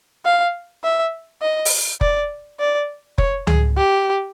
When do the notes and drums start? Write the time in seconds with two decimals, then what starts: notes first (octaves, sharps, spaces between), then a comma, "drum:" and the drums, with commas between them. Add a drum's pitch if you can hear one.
0.25 F5
0.84 E5
1.42 D#5
1.65 drum: open hi-hat
2.01 D5, drum: kick F1
2.60 D5
3.18 C#5, drum: kick F1
3.47 G#4, drum: tom C#2
3.77 G4